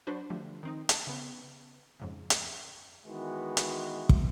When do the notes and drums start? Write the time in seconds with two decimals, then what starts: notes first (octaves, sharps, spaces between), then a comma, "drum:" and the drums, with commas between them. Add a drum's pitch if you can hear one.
0.07 F#3 D4 F#4 B4 C5
0.30 D3 F3 G3 A3
0.63 D#3 C4 D#4
0.89 A5, drum: hi-hat
1.07 C#3 B3
2.00 F2 G#2 C#3
2.30 drum: hi-hat
3.07 D#3 E3 G#3 B3 F#4
3.57 drum: hi-hat
4.09 drum: kick